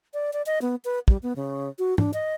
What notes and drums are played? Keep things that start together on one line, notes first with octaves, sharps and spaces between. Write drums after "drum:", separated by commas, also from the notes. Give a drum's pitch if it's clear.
D5
D5
D#5
B3
B4
G3, drum: kick
B3
C#3
F#4
D4, drum: tom
D#5